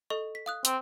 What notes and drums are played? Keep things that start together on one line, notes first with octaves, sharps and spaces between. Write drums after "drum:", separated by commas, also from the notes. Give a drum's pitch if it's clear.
A4 D#5 C#6
B6
F5 D#6 F#6
C4, drum: hi-hat